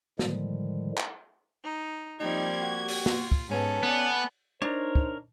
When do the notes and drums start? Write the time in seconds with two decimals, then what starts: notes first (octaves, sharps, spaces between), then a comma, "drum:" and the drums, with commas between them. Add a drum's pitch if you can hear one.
0.19 A2 D3 D#3 F3 G3 G#3, drum: snare
0.98 drum: clap
1.61 D#4
2.20 F3 G3 A#3 C4 D#4 G4 G#6
2.62 F#4
2.88 drum: open hi-hat
3.06 F4, drum: snare
3.32 drum: kick
3.51 G#2 B3 C#4 A4 A5
3.83 B3 D5 F#5 G#5
4.62 D4 D#4 A#4 C5 C#5
4.95 drum: kick